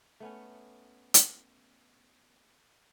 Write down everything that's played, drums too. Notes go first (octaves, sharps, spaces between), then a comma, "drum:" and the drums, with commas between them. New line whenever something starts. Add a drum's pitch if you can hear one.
A3 B3 C#4
drum: hi-hat